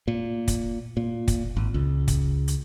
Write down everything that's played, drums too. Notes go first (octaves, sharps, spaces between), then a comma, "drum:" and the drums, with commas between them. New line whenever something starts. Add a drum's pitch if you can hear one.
A#2
drum: kick, hi-hat
A#2
drum: kick, hi-hat
G#1
C#2
drum: kick, hi-hat
drum: hi-hat